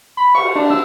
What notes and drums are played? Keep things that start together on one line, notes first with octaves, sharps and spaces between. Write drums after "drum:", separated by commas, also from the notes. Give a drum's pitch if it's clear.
B5
C#6, drum: cymbal
D4
E6